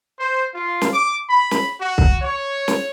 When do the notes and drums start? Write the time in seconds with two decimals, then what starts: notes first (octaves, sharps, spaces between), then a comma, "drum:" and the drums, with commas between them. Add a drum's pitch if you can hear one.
0.18 C5
0.53 F4
0.81 drum: snare
0.91 D6
1.29 B5
1.51 drum: snare
1.80 F#4
1.98 drum: kick C2
2.21 C#5
2.68 drum: snare